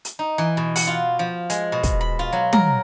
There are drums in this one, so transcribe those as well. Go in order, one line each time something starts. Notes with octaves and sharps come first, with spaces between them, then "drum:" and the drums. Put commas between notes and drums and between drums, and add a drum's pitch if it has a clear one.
drum: hi-hat
D#4
E3
B2
F#5, drum: open hi-hat
F4
F3
G#3, drum: hi-hat
B2
drum: kick, hi-hat
B5
F4
F#3
A#4, drum: tom